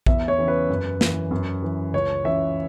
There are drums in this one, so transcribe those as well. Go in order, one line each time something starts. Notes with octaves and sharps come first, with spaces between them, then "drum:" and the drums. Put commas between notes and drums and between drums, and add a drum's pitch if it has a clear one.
E2 E5, drum: kick A#1
C#5
C#3 E3
B4
F#2
E3, drum: snare
F#2
E3
C#2 C#5
C#3 E3 E5